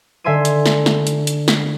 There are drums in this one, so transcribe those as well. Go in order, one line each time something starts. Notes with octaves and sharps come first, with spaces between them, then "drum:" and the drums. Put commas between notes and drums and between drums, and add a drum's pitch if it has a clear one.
D3 E5 G#5 C6 D#7
drum: hi-hat
drum: snare
drum: snare
drum: hi-hat
drum: hi-hat
drum: snare